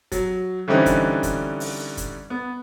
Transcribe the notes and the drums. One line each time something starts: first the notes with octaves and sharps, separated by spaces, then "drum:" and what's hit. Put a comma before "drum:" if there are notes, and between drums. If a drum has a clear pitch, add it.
F#3, drum: kick, hi-hat
D3 E3 G3 C4 C#4 D#4
drum: kick, hi-hat
drum: kick, hi-hat
drum: open hi-hat
drum: kick, hi-hat
B3